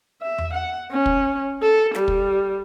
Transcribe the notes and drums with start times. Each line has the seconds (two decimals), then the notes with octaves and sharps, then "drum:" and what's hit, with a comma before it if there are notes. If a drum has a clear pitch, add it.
0.22 E5
0.38 drum: tom E2
0.54 F#5
0.91 C#4
1.06 drum: kick
1.62 A4
1.95 G3, drum: snare
2.08 drum: kick